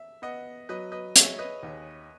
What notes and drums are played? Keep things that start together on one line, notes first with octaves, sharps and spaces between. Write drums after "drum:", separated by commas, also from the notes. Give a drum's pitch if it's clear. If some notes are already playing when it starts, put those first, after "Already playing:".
Already playing: E5
B3 D#5 F#5
F#3 B4 D#5
B4 D#5
G#4 C#5 E5, drum: hi-hat
B4 D#5
D#2